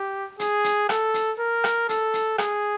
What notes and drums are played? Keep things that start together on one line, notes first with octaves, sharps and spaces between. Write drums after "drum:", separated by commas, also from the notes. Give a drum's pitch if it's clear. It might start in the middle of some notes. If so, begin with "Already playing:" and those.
Already playing: G4
G#4, drum: hi-hat
drum: hi-hat
A4, drum: rim click
drum: hi-hat
A#4
drum: rim click
A4, drum: hi-hat
drum: hi-hat
G#4, drum: rim click